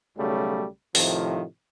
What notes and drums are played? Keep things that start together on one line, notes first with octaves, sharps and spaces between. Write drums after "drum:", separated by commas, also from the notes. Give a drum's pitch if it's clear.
B1 C#3 F#3 G3 A3
A2 C3 D#3 F3, drum: open hi-hat